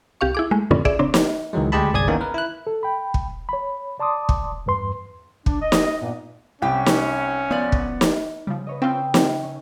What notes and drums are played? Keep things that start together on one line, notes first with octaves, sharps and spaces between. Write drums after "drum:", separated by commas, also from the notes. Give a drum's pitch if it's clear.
C2 G4 F5 C#6
E4 G#4 D6
G#3 A3
F2 A2 D3 D#3 B3 C#4
G#4 D5 E5, drum: kick
C#3 C4 D4
drum: snare
C#2 D#3 E3 F#3 G#3
D2 G#3 G4 D#5 A5 B5
G1 C2 G#4 D5 D#6 G#6
D#3 E3 A#3 B3 C#4 D#4
A#4 B4
E4 F#6
A4
G5 B5
drum: kick
C#5 B5
D5 A5 C6 D6 D#6
drum: kick
E2 G2 B4 C6
D4, drum: kick
D#5
drum: snare
G2 A#2 A#3 B3
C2 B3 C#4 G4 G5
drum: snare
F3 B3 D5
drum: kick
drum: snare
C#3 F3 G3
B4 C#5 D#5
C4 C#4 F4 G5 E6
F3 C4, drum: snare
C#4